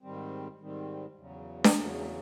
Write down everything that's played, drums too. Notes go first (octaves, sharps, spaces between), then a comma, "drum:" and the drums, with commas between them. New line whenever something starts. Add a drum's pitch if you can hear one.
G#2 D#3 G3 C4
G#2 D#3 G3 C4
E2 C#3 F#3
drum: snare D4
E2 C#3 F#3